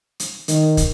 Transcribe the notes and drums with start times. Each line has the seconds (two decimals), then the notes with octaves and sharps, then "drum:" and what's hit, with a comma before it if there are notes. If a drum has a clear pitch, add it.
0.20 drum: hi-hat
0.48 D#3, drum: hi-hat
0.77 drum: kick, hi-hat